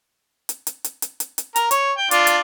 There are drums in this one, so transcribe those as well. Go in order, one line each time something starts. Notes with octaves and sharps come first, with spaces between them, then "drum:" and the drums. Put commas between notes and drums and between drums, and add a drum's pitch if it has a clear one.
drum: hi-hat
drum: hi-hat
drum: hi-hat
drum: hi-hat
drum: hi-hat
drum: hi-hat
A#4 A#5, drum: hi-hat
C#5, drum: hi-hat
G5
D4 F4 D5, drum: hi-hat
drum: hi-hat